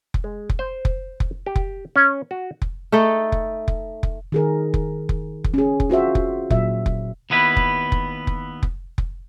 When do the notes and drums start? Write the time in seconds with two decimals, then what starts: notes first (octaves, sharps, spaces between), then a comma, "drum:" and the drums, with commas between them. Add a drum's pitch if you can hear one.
0.14 drum: kick F1
0.24 G#3
0.49 drum: kick F1
0.59 C5
0.85 drum: kick F1
1.20 drum: kick F1
1.46 G4
1.56 drum: kick F1
1.96 C#4
2.31 F#4
2.62 drum: kick F1
2.92 A3 D#4 A4
3.32 drum: kick F1
3.68 drum: kick F1
4.03 drum: kick F1
4.32 D#3 G#4 A#4
4.74 drum: kick F1
5.09 drum: kick F1
5.44 drum: kick F1
5.54 C#4 G#4
5.80 drum: kick F1
5.90 F4 F#4 C5 E5
6.15 drum: kick F1
6.50 A#2 F#3 E5, drum: kick F1
6.86 drum: kick F1
7.30 D#2 B3 E4 B4
7.57 drum: kick F1
7.92 drum: kick F1
8.27 drum: kick F1
8.63 drum: kick F1
8.98 drum: kick F1